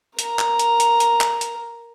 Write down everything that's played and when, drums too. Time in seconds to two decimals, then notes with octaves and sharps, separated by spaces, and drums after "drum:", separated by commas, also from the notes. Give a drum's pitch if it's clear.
0.19 A#4 A#5, drum: hi-hat
0.39 drum: clap
0.59 drum: hi-hat
0.80 drum: hi-hat
1.00 drum: hi-hat
1.21 drum: clap
1.41 drum: hi-hat